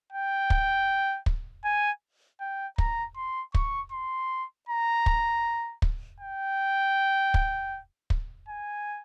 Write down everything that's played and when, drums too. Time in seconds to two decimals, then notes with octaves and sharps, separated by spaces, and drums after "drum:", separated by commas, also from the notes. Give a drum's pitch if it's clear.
0.13 G5
0.50 drum: kick
1.26 drum: kick
1.64 G#5
2.40 G5
2.78 A#5, drum: kick
3.16 C6
3.55 C#6, drum: kick
3.92 C6
4.68 A#5
5.06 drum: kick
5.82 drum: kick
6.20 G5
7.34 drum: kick
8.10 drum: kick
8.48 G#5